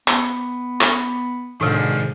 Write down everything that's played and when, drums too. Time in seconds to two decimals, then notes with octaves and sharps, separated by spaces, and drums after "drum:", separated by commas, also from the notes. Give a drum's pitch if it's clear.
0.08 B3, drum: clap
0.81 drum: clap
1.61 A2 C3 D#3 F3 F#3 G#3 D4